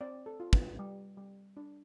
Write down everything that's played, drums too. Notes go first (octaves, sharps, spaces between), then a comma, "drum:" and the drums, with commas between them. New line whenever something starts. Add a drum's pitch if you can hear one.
C4 D5
A4
F4
B4, drum: kick
G3
G3
D4